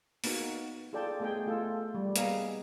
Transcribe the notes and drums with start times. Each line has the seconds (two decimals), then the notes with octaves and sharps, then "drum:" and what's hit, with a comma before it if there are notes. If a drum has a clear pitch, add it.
0.24 A#3 B3 D#4 F#4 A#4, drum: open hi-hat
0.93 F4 G#4 A4 D5 G5 A5
1.20 A3 B3 G#4 D#5 G5
1.46 A3 F4 A4
1.95 G3
2.16 A#3 B3 G#4 D#5 F5 A#5, drum: hi-hat